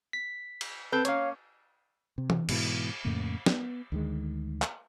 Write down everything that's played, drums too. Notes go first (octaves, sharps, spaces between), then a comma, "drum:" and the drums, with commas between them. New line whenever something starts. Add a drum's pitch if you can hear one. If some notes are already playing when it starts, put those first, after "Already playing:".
B6
drum: cymbal
C4 A4 B4 G6
A#3 C#4 C#5 F5, drum: hi-hat
C3
drum: tom E3
G#2 B2 E3, drum: cymbal
F2 A2 C#3 A#3
B3, drum: snare
D2 D#3 G#3
drum: clap